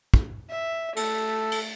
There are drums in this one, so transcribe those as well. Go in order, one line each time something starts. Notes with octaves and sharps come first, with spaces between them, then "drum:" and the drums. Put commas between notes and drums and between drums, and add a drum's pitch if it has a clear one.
drum: kick
E5
A3 A4, drum: cymbal
drum: cymbal